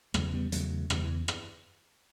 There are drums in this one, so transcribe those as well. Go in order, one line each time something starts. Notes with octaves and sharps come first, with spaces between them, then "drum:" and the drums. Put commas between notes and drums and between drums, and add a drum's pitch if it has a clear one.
E2 C#3 F#3 A3, drum: rim click
G3 B3
E2 C#3 F#3 A3, drum: hi-hat
E2 C#3 E3 G3, drum: rim click
E3
drum: rim click